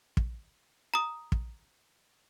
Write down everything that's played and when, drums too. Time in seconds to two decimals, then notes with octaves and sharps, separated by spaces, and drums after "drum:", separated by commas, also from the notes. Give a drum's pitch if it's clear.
0.17 drum: kick
0.94 A#5 D#6
1.32 drum: kick